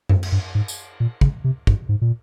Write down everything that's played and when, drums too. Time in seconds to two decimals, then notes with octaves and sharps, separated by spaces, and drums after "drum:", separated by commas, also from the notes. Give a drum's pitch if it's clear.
0.09 G2, drum: tom F#2
0.23 drum: cymbal
0.32 G2
0.55 G#2
0.68 drum: tambourine
1.00 A#2
1.21 C#3, drum: kick
1.44 C3
1.67 G2, drum: kick
1.89 G#2
2.01 A#2